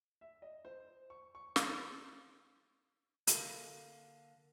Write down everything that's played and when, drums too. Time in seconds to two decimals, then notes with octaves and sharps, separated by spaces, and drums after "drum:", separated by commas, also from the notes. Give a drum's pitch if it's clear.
0.21 E5
0.42 D#5
0.65 C5
1.10 C#6
1.35 C#6
1.56 A6, drum: snare
3.27 D3 A#3, drum: hi-hat